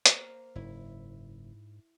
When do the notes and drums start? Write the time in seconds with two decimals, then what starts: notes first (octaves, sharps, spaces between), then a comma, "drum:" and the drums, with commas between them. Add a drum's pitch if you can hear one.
0.06 A#3 C5 F5, drum: hi-hat
0.56 F#1 G#2 E4